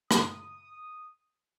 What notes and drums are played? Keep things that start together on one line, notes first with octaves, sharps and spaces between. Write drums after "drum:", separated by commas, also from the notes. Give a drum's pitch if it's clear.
D#6, drum: rim click